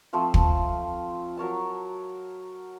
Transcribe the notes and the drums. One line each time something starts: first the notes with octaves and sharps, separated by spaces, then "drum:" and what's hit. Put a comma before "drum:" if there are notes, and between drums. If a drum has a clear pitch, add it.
F3 A3 C4 F4
drum: kick
F#3 A#4 C#5 A5